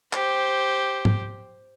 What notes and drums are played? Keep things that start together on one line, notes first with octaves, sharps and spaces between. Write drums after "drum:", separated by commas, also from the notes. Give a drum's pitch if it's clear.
G4 C5, drum: clap
drum: tom